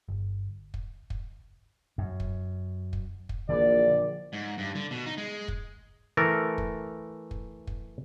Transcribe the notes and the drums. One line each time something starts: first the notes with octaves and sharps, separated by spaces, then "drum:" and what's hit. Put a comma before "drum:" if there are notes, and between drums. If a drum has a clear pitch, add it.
G1
drum: kick
drum: kick
F#2
drum: kick
drum: kick
drum: kick
A#1 D3 E3 D5
G#2
G2
D3
B2
D#4
G#3
drum: kick
E3 A3 A4 A#4
drum: kick
drum: kick
drum: kick